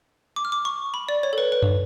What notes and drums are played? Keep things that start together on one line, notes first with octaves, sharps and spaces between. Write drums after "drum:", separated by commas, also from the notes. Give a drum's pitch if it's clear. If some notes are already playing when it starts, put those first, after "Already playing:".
D6
F6
D6
C#6
B5
D5
C#5
A4
B4
B4
drum: tom